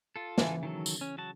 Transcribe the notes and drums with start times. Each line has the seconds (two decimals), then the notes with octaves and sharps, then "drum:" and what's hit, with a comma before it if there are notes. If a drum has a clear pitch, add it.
0.16 F4 A4
0.38 C#3 E3, drum: snare
0.63 D#3 F#3 A4
0.86 drum: tambourine
1.01 C#4
1.18 F#3 F#4 A5